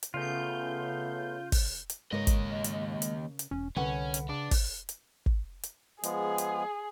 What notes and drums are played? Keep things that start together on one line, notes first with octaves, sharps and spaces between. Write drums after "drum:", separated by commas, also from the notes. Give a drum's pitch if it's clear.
drum: hi-hat
C#3 A3 B3 F4 G6
drum: kick, open hi-hat
drum: hi-hat
D#2 G#2 C#3 G#3 A#4 C#5 D#5
drum: kick, hi-hat
drum: hi-hat
drum: hi-hat
drum: hi-hat
E1 C#4
C2 D3 C#4 A#4 B4 F#5
drum: hi-hat
C#3 D4
drum: kick, open hi-hat
drum: hi-hat
drum: kick
drum: hi-hat
F3 G#3 B3 G#4, drum: hi-hat
drum: hi-hat